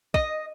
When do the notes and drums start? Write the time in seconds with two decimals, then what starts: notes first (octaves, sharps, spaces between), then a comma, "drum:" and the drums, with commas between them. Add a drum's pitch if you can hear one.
0.14 D#5, drum: kick